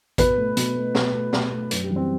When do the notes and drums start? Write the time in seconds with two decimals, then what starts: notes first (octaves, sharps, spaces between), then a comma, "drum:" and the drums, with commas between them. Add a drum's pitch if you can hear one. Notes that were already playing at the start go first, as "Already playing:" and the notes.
0.18 B2 B4, drum: kick A1, hi-hat
0.37 A3
0.57 B2, drum: hi-hat
0.76 A3
0.95 B2, drum: snare
1.14 A3
1.33 B2, drum: snare
1.52 A3
1.71 F#2 B4, drum: hi-hat
1.84 G4
1.90 E3 G3
1.96 C4